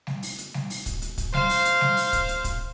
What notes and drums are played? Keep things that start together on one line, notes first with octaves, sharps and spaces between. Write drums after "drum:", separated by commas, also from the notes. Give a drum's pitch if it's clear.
drum: snare
drum: open hi-hat
drum: hi-hat
drum: snare
drum: open hi-hat
drum: kick, hi-hat
drum: hi-hat
drum: kick, hi-hat
C5 F5, drum: snare
drum: open hi-hat
drum: hi-hat
drum: snare
drum: open hi-hat
drum: kick, hi-hat
drum: hi-hat
drum: kick, hi-hat